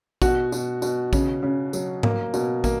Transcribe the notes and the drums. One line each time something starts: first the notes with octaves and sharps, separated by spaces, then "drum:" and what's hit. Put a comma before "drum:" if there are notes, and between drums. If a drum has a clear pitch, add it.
B2 F#4, drum: kick, tambourine
B2, drum: tambourine
B2, drum: tambourine
C#3, drum: kick, tambourine
C#3
F#3, drum: tambourine
A#3, drum: tom G#2
B2, drum: tambourine
A#3, drum: kick, tambourine